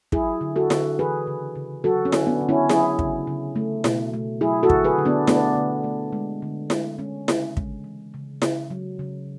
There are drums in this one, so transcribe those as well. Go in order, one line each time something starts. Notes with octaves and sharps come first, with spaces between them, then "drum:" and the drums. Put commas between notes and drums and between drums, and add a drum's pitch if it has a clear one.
F#3 E4 G#4, drum: kick
D3
F#4 A4
D3, drum: snare E4
E3 G#4 B4
C#3
C#3
F#3 F#4 A4
C#4
D3, drum: snare E4
B3 D4
D3
C#4 E4
F#3 E4 G#4, drum: snare E4
C#3, drum: kick
C#3
A3
B2, drum: snare E4
A3
F#3 E4 G#4
F#4 A4
D3, drum: kick
G#4 B4
D3
B3 D4
A3 B3 D4, drum: snare E4
D3
A3
G#3
D3
G#3, drum: snare E4
G#3 C#4
C#3, drum: snare E4
G#3, drum: kick
E3
C#3
C#3, drum: snare E4
F#3
C#3